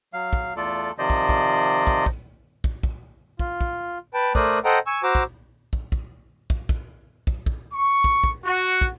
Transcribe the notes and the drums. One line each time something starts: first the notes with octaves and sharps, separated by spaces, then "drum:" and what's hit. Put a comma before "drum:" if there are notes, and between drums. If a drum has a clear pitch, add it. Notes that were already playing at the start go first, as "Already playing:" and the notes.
F#3 F5
drum: kick
E2 A3 F4 A4 D5
C3 D#3 F3 C5 D5 D#5
drum: kick
drum: kick
drum: kick
drum: kick
drum: kick
drum: kick
F4, drum: kick
drum: kick
B4 G5 A5
A3 A#4 C5 D5 D#6 F#6, drum: kick
A4 C5 D#5 F#5 G5 A#5
G#5 C#6 E6
F#4 C5 A#5 D6 E6
drum: kick
drum: kick
drum: kick
drum: kick
drum: kick
drum: kick
drum: kick
C#6
drum: kick
drum: kick
F#4
drum: kick